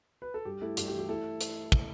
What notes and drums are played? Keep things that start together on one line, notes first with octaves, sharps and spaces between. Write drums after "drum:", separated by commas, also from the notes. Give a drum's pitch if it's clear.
B4
A4
G2 G4
A3 E4 A4
G2 G4, drum: hi-hat
G4
E3
G4
A3 E4 A4
drum: hi-hat
drum: kick